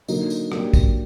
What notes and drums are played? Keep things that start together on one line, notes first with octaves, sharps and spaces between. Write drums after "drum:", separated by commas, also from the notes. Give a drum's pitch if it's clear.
D3 F#3 A#3 D#4, drum: tambourine
drum: tambourine
F#3 A#3 D4 G4, drum: rim click
drum: kick, tambourine